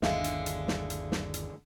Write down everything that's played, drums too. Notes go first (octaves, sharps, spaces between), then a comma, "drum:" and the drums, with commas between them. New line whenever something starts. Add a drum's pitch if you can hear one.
G1 D#2 D3 G#3 E5 F5, drum: snare
drum: hi-hat
drum: hi-hat
drum: snare
drum: hi-hat
drum: snare
drum: hi-hat